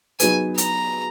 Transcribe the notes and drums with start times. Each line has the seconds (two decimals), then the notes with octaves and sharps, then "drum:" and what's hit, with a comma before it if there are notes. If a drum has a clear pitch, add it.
0.20 F#3 B3 D#4 G#4 B4 G#5, drum: hi-hat
0.58 A#5, drum: hi-hat